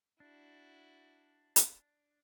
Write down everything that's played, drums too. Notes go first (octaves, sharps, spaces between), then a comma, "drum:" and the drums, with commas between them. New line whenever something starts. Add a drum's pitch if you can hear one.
D4 E4 F#4
drum: hi-hat